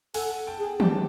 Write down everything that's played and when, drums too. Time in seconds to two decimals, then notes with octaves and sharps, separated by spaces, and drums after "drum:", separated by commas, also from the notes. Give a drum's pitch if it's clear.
0.14 A4 F#5 G#5, drum: open hi-hat
0.47 G5 A5
0.59 G#4
0.80 G4 G5 A5, drum: tom